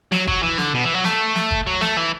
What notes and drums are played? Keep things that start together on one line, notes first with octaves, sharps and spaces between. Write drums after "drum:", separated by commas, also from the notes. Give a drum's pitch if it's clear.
F#3, drum: snare
F#3, drum: kick
E3
D3, drum: snare
B2
E3
F#3
A3, drum: snare
drum: snare
drum: kick
F#3
A3, drum: snare
E3